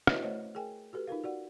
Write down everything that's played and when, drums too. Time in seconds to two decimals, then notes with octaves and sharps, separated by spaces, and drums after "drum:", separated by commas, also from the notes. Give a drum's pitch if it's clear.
0.07 E4 F#4 B4 C#5 D#5 E5, drum: rim click
0.23 A3 C5 C#5 D#5
0.55 G#4 A#4 G5 G#5
0.93 F#4 G4 A4 B4
1.07 D#4 F4 A#4 F5
1.24 F#4 D5 F#5